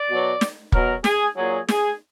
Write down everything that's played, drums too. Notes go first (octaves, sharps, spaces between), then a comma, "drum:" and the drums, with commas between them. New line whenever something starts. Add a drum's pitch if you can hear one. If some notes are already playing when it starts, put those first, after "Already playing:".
Already playing: D5
B2 F#3
drum: snare
B2 F#3 A#4, drum: kick
G#4, drum: snare
A#2 F#3 G#4
G#4, drum: snare